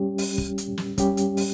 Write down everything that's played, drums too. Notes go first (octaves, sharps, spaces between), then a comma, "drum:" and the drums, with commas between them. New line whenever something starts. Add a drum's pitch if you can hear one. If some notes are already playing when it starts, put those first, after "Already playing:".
Already playing: G3 C#4 G4
drum: open hi-hat
drum: kick
drum: hi-hat
drum: snare
G3 C#4 G4, drum: kick, hi-hat
drum: hi-hat
drum: open hi-hat